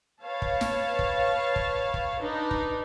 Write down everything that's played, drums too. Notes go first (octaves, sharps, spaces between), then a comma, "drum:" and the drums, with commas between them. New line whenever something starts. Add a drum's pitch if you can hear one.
B4 C#5 F5 A5
drum: kick
drum: snare
drum: kick
drum: kick
drum: kick
D4 D#4 B4
drum: kick